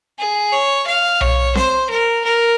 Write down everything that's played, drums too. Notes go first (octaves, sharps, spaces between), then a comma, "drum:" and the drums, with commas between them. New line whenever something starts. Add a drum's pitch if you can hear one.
G#4
C#5
F5
C#5, drum: tom B1
C5, drum: snare C4
A#4
A#4